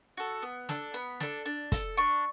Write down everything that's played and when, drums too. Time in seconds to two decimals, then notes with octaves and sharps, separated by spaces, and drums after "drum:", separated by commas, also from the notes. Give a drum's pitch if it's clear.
0.17 F#4 A4
0.42 B3
0.69 D4 A4, drum: snare
0.94 B3 B5
1.20 D4 A4, drum: snare
1.45 D4
1.72 A4, drum: kick, hi-hat
1.97 D4 C#6